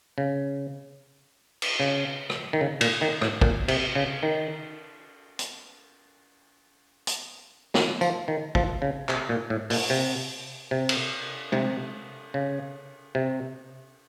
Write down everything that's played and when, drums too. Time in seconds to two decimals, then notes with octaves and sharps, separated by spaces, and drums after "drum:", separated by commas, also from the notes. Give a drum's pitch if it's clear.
0.18 C#3
1.62 drum: cymbal
1.80 C#3
2.30 drum: rim click
2.53 D#3
2.61 C#3
2.81 A#2, drum: cymbal
3.01 D#3
3.21 A2, drum: rim click
3.41 A#2, drum: kick
3.68 C3, drum: cymbal
3.95 C#3
4.23 D#3
5.39 drum: hi-hat
7.07 drum: hi-hat
7.74 D#3, drum: snare
8.01 F3, drum: tambourine
8.28 D#3
8.55 F3, drum: kick
8.82 C#3
9.09 C3, drum: clap
9.29 A#2
9.50 A2
9.70 A#2, drum: open hi-hat
9.90 C3
10.71 C3
10.89 drum: cymbal
11.52 C3, drum: tom G#3
12.34 C#3
13.15 C3